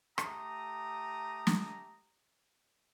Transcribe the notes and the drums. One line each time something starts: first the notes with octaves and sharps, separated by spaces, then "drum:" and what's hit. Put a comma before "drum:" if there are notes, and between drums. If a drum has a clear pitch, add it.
A3 G4 A#5 D#6, drum: rim click
drum: snare